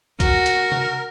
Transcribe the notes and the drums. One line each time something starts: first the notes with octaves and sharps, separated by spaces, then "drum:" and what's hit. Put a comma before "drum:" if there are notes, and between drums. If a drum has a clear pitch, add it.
F#4 A#4, drum: kick C2, hi-hat
drum: hi-hat
drum: tom C3